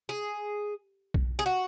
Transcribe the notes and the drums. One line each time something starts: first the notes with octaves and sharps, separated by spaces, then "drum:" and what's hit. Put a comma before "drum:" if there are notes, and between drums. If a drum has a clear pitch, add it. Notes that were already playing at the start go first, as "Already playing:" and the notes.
G#4
drum: kick B1
G#4
F#4